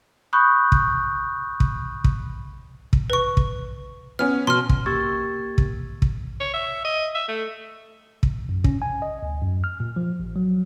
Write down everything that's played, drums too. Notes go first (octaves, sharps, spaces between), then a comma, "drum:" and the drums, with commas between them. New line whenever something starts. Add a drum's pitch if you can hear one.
B5 C#6 D#6 F#6 G6
drum: kick
drum: kick
drum: kick
drum: kick
B4 C#6
drum: kick
B3 C#4 F6
B2 C6 F6
drum: kick
A#3 G4 C#6 E6 G#6 A6
drum: kick
drum: kick
C#5
E5
D#5
E5
A3
drum: kick
F#2
C#4, drum: kick
G#5
D#5
D2
F#2
F6
A#2
F3
A1
F#3